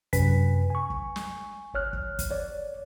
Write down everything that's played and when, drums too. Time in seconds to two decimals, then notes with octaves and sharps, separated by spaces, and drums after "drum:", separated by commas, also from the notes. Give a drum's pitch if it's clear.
0.13 F#2 C3 B4 G#5 B6, drum: kick, hi-hat
0.70 G#5 C#6
0.90 drum: kick
1.16 drum: snare
1.74 G1 C#5 F6 F#6
1.93 drum: kick
2.19 drum: kick, hi-hat
2.31 C#5 D5